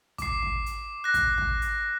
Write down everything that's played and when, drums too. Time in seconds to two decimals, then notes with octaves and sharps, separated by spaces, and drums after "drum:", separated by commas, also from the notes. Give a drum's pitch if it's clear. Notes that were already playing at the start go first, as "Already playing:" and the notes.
0.18 D6 C7, drum: kick, hi-hat
0.42 drum: kick
0.66 drum: hi-hat
1.04 F#6 A#6
1.14 drum: kick, hi-hat
1.38 drum: kick
1.62 drum: hi-hat